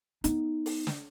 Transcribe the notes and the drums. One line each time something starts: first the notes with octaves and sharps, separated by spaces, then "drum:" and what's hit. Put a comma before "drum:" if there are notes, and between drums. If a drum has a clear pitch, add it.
B3 D#4, drum: hi-hat
drum: open hi-hat
drum: snare